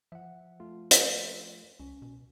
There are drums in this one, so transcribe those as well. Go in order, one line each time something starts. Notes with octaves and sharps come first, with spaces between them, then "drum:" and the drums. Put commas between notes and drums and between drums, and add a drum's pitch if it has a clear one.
F3 E5 F#5
A3 F4
drum: hi-hat
C#2 C#4
B2